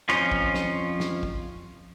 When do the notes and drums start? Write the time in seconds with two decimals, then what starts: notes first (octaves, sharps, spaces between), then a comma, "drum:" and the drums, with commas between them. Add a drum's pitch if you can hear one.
0.09 F2 F3 C#4 F4, drum: snare
0.32 drum: kick
0.54 drum: snare
1.00 drum: snare
1.23 drum: kick